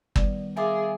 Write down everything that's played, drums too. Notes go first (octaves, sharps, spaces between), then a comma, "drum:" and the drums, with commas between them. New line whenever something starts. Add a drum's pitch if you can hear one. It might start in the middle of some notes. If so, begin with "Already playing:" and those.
D#3 G3 B3 D5, drum: kick
F4 G#4 A#4 E5 G#5 D6